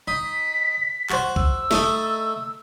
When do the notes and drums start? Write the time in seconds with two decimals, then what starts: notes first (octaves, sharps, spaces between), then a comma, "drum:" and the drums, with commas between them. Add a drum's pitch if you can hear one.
0.08 D#4 B6
1.10 F#4 C5, drum: clap
1.36 E6, drum: kick B1
1.71 A3 D#4 A4, drum: snare